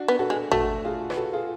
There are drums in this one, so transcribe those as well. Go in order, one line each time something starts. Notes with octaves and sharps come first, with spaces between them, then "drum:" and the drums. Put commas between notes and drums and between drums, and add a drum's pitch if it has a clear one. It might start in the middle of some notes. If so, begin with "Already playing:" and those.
Already playing: D4 F#4
B3
F#4 A4
G#3
A3 F#4 A4, drum: tom G#1
F4 G#4
B4, drum: rim click
F#4 A4
F4 G#4